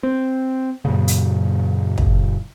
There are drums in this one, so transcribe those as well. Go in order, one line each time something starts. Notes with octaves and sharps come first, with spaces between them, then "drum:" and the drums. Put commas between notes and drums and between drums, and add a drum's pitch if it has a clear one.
C4
F#2 A#2 C#3
drum: hi-hat
drum: kick